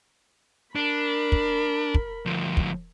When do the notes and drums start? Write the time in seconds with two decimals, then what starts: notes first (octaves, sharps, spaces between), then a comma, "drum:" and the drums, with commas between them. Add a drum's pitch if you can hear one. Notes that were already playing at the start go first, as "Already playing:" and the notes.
0.76 D4 A#4 B5
1.32 drum: kick
1.94 drum: kick
2.26 D2 F3
2.57 drum: kick